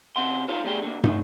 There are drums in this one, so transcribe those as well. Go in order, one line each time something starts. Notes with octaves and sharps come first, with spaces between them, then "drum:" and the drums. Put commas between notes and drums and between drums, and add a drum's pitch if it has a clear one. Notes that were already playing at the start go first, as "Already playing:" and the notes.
C#3 C4 F#5 C6
D#4 F4 A4 C5 C#5 F5
E2 G2 G3 A3 G#4 G5
D3 A3 A#3
A3 D#4, drum: tom